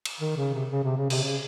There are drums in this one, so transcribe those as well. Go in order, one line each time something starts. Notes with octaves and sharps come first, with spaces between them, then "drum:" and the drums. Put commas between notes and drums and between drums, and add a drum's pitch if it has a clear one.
drum: cymbal
D#3
C#3
C3
C#3
C3
C#3
C3, drum: cymbal
C#3